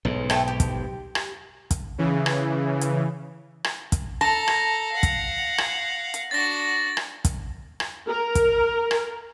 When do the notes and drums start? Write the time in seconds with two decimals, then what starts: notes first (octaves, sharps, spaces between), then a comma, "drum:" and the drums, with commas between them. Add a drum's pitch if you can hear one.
0.05 B1 G#2
0.30 A3 G5 A5, drum: rim click
0.48 G4
0.60 drum: kick, hi-hat
1.15 drum: rim click
1.71 drum: kick, hi-hat
1.98 C#3 E3
2.26 drum: rim click
2.81 drum: hi-hat
3.64 drum: rim click
3.92 drum: kick, hi-hat
4.21 A4 A5 A#5 A#6
4.48 drum: rim click
4.92 F5 F#5
5.03 drum: kick, hi-hat
5.58 drum: rim click
6.14 drum: hi-hat
6.31 D4 F#4 A6 A#6
6.97 drum: rim click
7.25 drum: kick, hi-hat
7.80 drum: rim click
8.08 A#4
8.35 drum: kick, hi-hat
8.91 drum: rim click